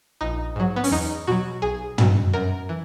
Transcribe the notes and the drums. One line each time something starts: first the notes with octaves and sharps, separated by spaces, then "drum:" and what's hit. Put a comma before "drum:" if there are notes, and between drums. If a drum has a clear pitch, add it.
A#1 D#4
G#2 F#3
B3
C#4, drum: open hi-hat
E2 D#4
B2 F#3 F#4
B1 G#4
B2 F#3, drum: tom
F#2 A#4
E3